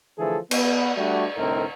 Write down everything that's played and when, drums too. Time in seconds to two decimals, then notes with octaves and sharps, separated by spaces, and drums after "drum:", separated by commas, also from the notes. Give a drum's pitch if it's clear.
0.18 D3 E3 F3 A3 G#4 A4
0.51 B3, drum: cymbal
0.97 G3 A3 D4 F#4
1.37 C2 A2 D3 C4 D#4 A#4